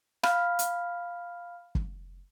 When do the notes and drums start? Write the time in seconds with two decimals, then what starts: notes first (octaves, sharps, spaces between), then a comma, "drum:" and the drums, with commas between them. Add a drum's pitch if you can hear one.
0.23 F5 B5 F6, drum: rim click
0.59 drum: hi-hat
1.75 drum: kick